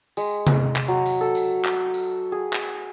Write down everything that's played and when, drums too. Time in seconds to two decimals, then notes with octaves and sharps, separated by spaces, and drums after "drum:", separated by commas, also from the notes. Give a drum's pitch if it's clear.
0.17 G#3, drum: tambourine
0.47 drum: tom C3
0.76 drum: clap
0.88 F#3
1.06 drum: tambourine
1.21 A4
1.35 drum: tambourine
1.65 drum: clap
1.94 drum: tambourine
2.32 G#4
2.53 drum: clap